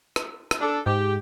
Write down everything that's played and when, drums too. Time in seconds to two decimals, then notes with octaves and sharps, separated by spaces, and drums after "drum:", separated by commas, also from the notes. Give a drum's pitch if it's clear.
0.16 drum: rim click
0.51 drum: rim click
0.61 D4 A4
0.86 G#2 G4